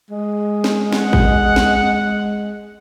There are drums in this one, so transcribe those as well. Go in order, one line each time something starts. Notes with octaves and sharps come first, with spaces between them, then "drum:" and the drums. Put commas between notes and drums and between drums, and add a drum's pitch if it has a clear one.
G#3
drum: snare
F#5, drum: snare
drum: kick
drum: snare